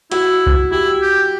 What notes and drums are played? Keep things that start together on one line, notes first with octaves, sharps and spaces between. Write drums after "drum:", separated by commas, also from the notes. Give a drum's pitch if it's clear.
E4 F#4, drum: hi-hat
drum: kick C2
E4 G4
G4